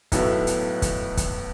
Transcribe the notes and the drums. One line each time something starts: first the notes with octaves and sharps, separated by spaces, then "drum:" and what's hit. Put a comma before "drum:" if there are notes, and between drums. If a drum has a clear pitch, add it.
B1 A2 F#3 B3 E4, drum: kick, hi-hat
drum: hi-hat
drum: kick, hi-hat
drum: kick, hi-hat